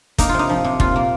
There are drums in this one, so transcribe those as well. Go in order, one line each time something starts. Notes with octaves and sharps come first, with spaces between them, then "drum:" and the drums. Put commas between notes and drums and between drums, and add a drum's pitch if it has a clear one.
A#3 D#4, drum: kick, hi-hat
C3 F4
D#4
F3
C3
A#2 F4, drum: kick
A#3